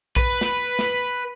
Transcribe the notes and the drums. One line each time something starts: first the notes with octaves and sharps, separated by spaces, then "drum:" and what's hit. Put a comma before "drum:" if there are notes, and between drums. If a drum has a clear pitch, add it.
B4, drum: kick A#1
drum: snare
drum: snare